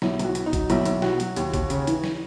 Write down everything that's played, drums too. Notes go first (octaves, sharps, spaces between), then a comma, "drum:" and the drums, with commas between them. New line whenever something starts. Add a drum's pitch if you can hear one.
B1 E4, drum: snare
B1, drum: hi-hat
F#4
B2, drum: hi-hat
D#4
F#3, drum: kick, hi-hat
B1 E4, drum: hi-hat
B1, drum: hi-hat
B2 F#4, drum: snare
F#3, drum: hi-hat
D#2, drum: hi-hat
D#2, drum: kick, hi-hat
C#3, drum: hi-hat
E3, drum: hi-hat
drum: snare